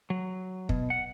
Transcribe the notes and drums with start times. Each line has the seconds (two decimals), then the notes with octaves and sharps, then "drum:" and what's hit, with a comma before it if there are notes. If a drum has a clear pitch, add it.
0.10 F#3
0.69 B2, drum: kick
0.90 F#5